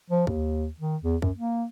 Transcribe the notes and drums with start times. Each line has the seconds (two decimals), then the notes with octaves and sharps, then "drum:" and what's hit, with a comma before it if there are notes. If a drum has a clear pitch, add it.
0.10 F3
0.27 D#2, drum: kick
0.80 D#3
1.03 E2
1.22 F#2, drum: kick
1.37 A#3